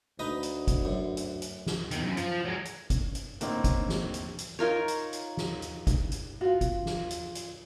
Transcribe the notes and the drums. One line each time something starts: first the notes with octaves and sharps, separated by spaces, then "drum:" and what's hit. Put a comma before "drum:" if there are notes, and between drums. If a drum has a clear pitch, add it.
D2 D#4 B4 D#5
drum: hi-hat
drum: kick, hi-hat
F#2
drum: hi-hat
drum: hi-hat
drum: snare
E2 D#3, drum: hi-hat
F#2
F3, drum: hi-hat
F#3 G#3
drum: hi-hat
drum: kick, hi-hat
drum: hi-hat
A2 D3 A#3 C4 D#4, drum: hi-hat
drum: kick, hi-hat
drum: snare
drum: hi-hat
drum: hi-hat
D#4 F4 A#4 C#5
drum: hi-hat
drum: hi-hat
drum: snare
drum: hi-hat
drum: kick, hi-hat
drum: hi-hat
F4 F#4 F5
drum: kick, hi-hat
drum: snare
drum: hi-hat
drum: hi-hat